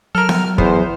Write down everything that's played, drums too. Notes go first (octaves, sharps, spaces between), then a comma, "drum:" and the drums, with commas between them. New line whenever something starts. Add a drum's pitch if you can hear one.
F#3 A4 A#4 F6
drum: snare B3
E2 B3 C5, drum: kick